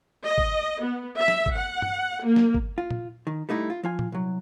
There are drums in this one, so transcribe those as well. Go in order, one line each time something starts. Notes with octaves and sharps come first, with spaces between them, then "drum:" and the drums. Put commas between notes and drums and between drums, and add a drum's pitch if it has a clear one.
D#5
drum: kick
B3
E5
drum: snare
drum: kick
F#5
drum: tom G2
A#3
drum: snare
drum: kick
F4
drum: tom A#2
D#3
G3 A3 D#4 E4
F4
F3 F4 G#5
drum: tom A#2
C2 F#3